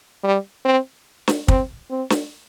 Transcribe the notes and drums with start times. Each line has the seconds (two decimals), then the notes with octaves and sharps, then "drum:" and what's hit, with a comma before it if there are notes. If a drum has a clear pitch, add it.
0.24 G3
0.65 C4
1.28 drum: snare
1.48 C4, drum: kick
1.90 C4
2.10 drum: snare